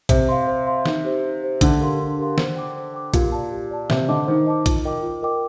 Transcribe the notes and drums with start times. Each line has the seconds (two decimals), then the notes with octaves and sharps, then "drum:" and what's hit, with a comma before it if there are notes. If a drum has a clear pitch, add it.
0.09 C3 C5, drum: kick A#1, hi-hat
0.29 F5 C6
0.47 C5
0.67 F5 C6
0.86 D#4, drum: snare
1.04 G4 C5
1.24 D#4
1.43 G4 C5
1.61 D3 D4, drum: kick A#1, hi-hat
1.80 G4 A#4 F5 C6
2.00 D4
2.19 G4 A#4 F5 C6
2.38 C5, drum: snare
2.56 G5 D6
2.75 C5
2.94 G5 D6
3.14 A#2 G4, drum: kick A#1, hi-hat
3.32 D5 A5
3.51 G4
3.71 D5 A5
3.90 C3 C5, drum: snare
4.08 D3 D#5 A5 D6
4.27 D#3 C5
4.47 D#5 A5 D6
4.66 F4, drum: kick A#1, hi-hat
4.85 A#4 D#5 G5 D6
5.03 F4
5.23 A#4 D#5 G5 D6